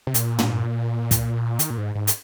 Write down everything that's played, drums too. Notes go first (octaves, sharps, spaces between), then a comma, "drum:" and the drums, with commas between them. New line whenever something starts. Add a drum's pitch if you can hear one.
C3
A#2, drum: hi-hat
drum: tom
drum: kick, hi-hat
D#3, drum: hi-hat
A#2
G#2
G#2
drum: hi-hat